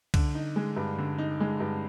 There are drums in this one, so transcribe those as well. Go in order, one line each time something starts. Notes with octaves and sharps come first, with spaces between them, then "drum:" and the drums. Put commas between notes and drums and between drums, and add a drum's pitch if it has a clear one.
D3, drum: kick C2, cymbal
D#4
G#3
G2
D3
D#4
G#3
G2